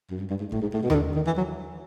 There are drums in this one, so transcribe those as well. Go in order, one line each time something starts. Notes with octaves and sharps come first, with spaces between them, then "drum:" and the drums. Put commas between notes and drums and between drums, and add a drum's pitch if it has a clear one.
F#2
G2
G2
G#2
A2, drum: kick
G#2
A2
B2
D#3, drum: tom D#2
D3
D#3
E3
F#3